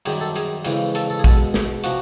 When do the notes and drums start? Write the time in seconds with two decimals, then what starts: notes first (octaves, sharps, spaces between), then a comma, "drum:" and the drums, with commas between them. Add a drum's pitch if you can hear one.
0.06 F#2 D#3 G3 G#4, drum: hi-hat
0.21 A4
0.36 G#4, drum: hi-hat
0.65 F2 C#3 E3 G#3, drum: hi-hat
0.95 A4, drum: hi-hat
1.10 A4
1.19 G#4
1.24 B2 G#3 A4, drum: kick, hi-hat
1.54 G#4, drum: snare
1.84 C3 F3 F#4, drum: hi-hat